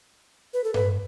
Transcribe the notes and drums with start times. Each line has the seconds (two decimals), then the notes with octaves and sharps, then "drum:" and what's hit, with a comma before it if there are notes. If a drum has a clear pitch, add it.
0.54 B4
0.64 A4
0.74 B4, drum: tom G2